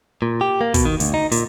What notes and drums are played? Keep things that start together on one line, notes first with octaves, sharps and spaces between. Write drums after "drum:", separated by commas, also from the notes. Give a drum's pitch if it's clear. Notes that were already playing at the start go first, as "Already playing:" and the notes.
A#2
G4
A#3
B2, drum: kick, hi-hat
D#3
D2, drum: hi-hat
D#4
A#2, drum: hi-hat